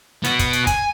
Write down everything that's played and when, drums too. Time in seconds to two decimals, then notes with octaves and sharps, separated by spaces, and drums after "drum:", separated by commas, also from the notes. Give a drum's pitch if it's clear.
0.24 B3 F#4, drum: hi-hat
0.39 drum: kick, hi-hat
0.53 drum: hi-hat
0.67 G#5, drum: kick, hi-hat